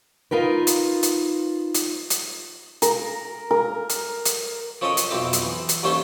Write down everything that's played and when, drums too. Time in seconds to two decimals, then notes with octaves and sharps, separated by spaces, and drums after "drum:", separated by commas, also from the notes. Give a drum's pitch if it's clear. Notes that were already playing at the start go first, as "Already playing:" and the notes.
0.31 D#4 F4 A#4 B4
0.67 drum: hi-hat
1.03 drum: hi-hat
1.74 drum: hi-hat
2.10 drum: hi-hat
2.82 A#4, drum: hi-hat
3.51 A#4
3.90 drum: hi-hat
4.25 drum: hi-hat
4.81 F3 C#4 A4 A#4 D#5
4.97 drum: hi-hat
5.11 B1 F2 C4 E4 D6
5.33 drum: hi-hat
5.42 E3
5.69 drum: hi-hat
5.83 A1 D#2 A3 C#4 C5 C6